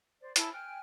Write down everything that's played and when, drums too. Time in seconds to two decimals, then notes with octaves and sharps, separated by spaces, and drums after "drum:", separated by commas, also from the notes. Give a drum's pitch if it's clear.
0.21 C5 D5
0.36 E4 G#4 A5 B5, drum: hi-hat
0.52 G5 G#5 F6 F#6